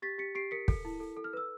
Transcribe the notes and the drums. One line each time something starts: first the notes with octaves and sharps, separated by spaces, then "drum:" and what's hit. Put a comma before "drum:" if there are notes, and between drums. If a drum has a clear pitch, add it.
G4 A6 B6
G4 B6 C#7
G4 C7 D7
A#4 B6 C#7
A4, drum: kick
E4
A4
A4
F6
B4 E6